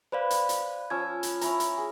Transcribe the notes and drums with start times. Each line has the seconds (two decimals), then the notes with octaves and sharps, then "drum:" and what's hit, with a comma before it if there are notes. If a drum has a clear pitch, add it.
0.12 B4 C5 D5 F5
0.30 drum: hi-hat
0.49 drum: hi-hat
0.90 F3 C#4 E6 G#6
1.23 drum: hi-hat
1.41 C#4 E4 A#5, drum: hi-hat
1.60 drum: hi-hat
1.77 G#4